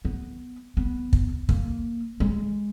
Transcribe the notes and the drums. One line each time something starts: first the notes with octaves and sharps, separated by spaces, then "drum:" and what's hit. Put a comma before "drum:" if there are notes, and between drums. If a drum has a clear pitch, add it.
B3
B3
drum: kick
A#3, drum: kick
G#3